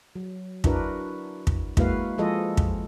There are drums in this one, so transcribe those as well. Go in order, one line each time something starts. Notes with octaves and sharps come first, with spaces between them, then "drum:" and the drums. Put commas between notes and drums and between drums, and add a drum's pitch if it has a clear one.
F#3
D4 E4 F#4 A#4 B4, drum: kick
drum: kick
G#3 A#3 E4 F#4 B4 F5, drum: kick
F3 G#3 F4 G#4 A4 D#5
drum: kick